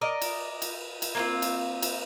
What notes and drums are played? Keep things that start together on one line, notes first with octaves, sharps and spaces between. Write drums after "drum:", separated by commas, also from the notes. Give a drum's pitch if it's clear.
A#4 D5 D#5
drum: cymbal
drum: cymbal
drum: cymbal
A#3 C4 F4
drum: cymbal
drum: cymbal